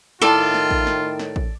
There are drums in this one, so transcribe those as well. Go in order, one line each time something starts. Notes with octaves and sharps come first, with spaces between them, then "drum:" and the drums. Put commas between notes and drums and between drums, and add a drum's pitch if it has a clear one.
A2 D#3 E4 F4 A4 D5 G5 A5, drum: snare
drum: snare
drum: kick A1
drum: snare
drum: snare
drum: kick A1